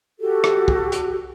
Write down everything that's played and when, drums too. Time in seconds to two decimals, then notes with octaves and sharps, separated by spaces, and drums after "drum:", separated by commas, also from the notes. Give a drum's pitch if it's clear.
0.20 F#4 G4 A4
0.44 drum: rim click
0.68 drum: kick
0.92 drum: hi-hat